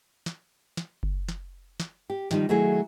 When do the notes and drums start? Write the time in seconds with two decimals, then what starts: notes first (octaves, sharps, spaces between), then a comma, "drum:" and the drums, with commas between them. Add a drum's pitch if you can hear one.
0.26 drum: snare
0.77 drum: snare
1.03 drum: kick F#1
1.29 drum: snare
1.80 drum: snare
2.10 G4
2.31 D#3 F3 G3 D#4, drum: snare
2.49 D#3 F#3 A3 E4 G#4